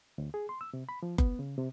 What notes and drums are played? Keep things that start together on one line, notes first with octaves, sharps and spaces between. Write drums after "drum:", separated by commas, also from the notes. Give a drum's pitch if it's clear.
D2
G#4
C6
E6
C3
B5
F3
B3, drum: kick F#1
C#3
C3